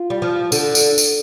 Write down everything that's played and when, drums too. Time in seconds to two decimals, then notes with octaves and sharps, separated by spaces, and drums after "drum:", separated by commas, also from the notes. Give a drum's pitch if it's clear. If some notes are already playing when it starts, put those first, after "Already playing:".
Already playing: F4
0.10 G3
0.22 F3
0.52 D3, drum: tambourine
0.75 drum: tambourine
0.98 drum: tambourine